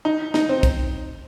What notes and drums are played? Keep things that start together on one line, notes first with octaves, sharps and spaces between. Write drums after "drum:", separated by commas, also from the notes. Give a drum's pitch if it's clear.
D#4
D#4, drum: snare
C4
drum: kick, hi-hat